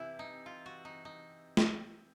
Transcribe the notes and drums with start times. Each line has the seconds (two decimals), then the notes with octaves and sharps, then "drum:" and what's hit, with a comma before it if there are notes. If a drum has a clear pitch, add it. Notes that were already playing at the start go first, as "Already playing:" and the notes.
Already playing: C3 E3 E4
0.19 D#4
0.46 F4
0.66 F#4
0.85 D#4
1.05 D#4
1.57 drum: snare